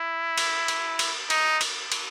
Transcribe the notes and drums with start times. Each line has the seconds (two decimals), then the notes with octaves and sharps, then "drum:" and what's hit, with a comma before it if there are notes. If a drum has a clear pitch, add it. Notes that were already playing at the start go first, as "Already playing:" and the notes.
Already playing: E4
0.38 drum: cymbal
0.68 drum: cymbal
0.99 drum: cymbal
1.30 D#4, drum: cymbal
1.61 drum: cymbal
1.92 drum: cymbal